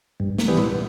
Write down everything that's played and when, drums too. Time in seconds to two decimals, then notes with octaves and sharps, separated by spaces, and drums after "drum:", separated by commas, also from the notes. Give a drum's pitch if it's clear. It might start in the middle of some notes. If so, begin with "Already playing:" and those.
0.20 G2
0.38 drum: snare
0.48 E3 G3 B3
0.57 drum: tom A#2